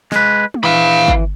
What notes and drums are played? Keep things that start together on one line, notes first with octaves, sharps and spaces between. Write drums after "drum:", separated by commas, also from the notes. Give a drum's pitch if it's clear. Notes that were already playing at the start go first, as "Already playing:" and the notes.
G#3 B4, drum: snare
drum: tom
E3 F5 B5
drum: kick G1